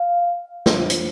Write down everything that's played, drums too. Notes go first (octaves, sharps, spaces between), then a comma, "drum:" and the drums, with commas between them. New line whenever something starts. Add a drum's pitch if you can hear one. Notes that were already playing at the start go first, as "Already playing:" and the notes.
Already playing: F5
D4 F4 C5, drum: snare
drum: hi-hat